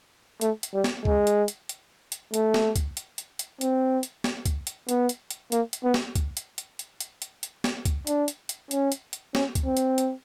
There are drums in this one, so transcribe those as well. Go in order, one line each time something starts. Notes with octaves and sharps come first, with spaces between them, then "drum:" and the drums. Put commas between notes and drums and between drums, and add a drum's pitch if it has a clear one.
A3, drum: hi-hat
drum: hi-hat
G3
drum: snare
G#3, drum: kick
drum: hi-hat
drum: hi-hat
drum: hi-hat
drum: hi-hat
A3, drum: hi-hat
drum: snare
drum: kick, hi-hat
drum: hi-hat
drum: hi-hat
drum: hi-hat
C4, drum: hi-hat
drum: hi-hat
drum: snare
drum: kick, hi-hat
drum: hi-hat
B3, drum: hi-hat
drum: hi-hat
drum: hi-hat
A#3, drum: hi-hat
drum: hi-hat
B3
drum: snare
drum: kick, hi-hat
drum: hi-hat
drum: hi-hat
drum: hi-hat
drum: hi-hat
drum: hi-hat
drum: hi-hat
drum: snare
drum: kick, hi-hat
D4, drum: hi-hat
drum: hi-hat
drum: hi-hat
C#4, drum: hi-hat
drum: hi-hat
drum: hi-hat
C#4, drum: snare
drum: kick, hi-hat
C4
drum: hi-hat
drum: hi-hat